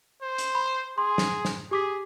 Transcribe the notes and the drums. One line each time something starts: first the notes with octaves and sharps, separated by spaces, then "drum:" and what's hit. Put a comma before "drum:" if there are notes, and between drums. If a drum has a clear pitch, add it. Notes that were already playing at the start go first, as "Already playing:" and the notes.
C5
drum: hi-hat
B5
G#4 C6
drum: snare
drum: snare
G4 G#4 D6 B6